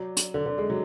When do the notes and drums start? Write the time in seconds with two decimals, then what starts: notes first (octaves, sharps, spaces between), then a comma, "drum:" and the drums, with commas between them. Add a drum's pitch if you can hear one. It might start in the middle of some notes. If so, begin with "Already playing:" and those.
Already playing: F#3 D5
0.17 drum: hi-hat
0.34 D3 D5
0.46 D3
0.58 G#3
0.70 F#3